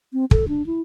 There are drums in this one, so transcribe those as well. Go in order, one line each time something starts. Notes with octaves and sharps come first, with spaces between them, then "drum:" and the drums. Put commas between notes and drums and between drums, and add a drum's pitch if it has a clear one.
C4
A4, drum: kick
D4
E4